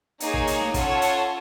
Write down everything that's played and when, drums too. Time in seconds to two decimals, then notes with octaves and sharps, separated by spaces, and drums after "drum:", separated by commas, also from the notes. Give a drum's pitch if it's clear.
0.20 A#3 D#4 G#4 C#5, drum: hi-hat
0.34 drum: kick
0.47 drum: hi-hat
0.61 drum: snare
0.74 C#4 F4 A4 C#5 F#5, drum: kick, hi-hat
1.02 drum: hi-hat